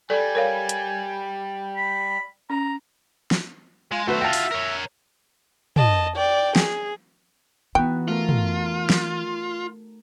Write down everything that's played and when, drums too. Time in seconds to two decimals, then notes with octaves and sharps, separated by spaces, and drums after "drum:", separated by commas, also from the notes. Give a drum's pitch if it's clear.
0.10 G3 A4 D5 G#5
0.35 A#4 C#5 F5
0.69 drum: hi-hat
1.76 B5
2.50 C#4 A#5
3.31 drum: snare
3.91 G#3 F4
4.07 B1 A3 F#4 B4 C5 E5
4.21 F4 F#4 G5 A5
4.33 drum: open hi-hat
4.51 A#4 C#5
5.76 D#5 A5, drum: tom
6.16 D5 G5
6.56 G#4, drum: snare
7.75 E3 B3 D#4 F#4 G5
8.08 A3 F4 A#4
8.29 drum: tom
8.90 drum: snare